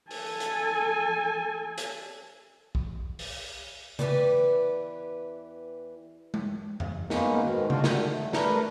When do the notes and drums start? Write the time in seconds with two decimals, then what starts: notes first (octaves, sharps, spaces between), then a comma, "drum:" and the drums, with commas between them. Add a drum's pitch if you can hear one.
0.11 A4 G#5, drum: open hi-hat
0.40 drum: hi-hat
1.78 drum: hi-hat
2.75 drum: kick
3.19 drum: open hi-hat
3.99 E2 E3 G4 B4 D5, drum: tom C#3
6.34 drum: tom G#3
6.80 drum: tom F2
7.10 G#3 A#3 B3 C#4 D#4, drum: snare
7.41 G#2 B2 D#3 G#3
7.70 G#3 D4 F4 F#4 F5 G5, drum: tom C#3
7.84 D3 D#3, drum: snare
8.12 A3
8.33 A3 D4 A#4 B4, drum: snare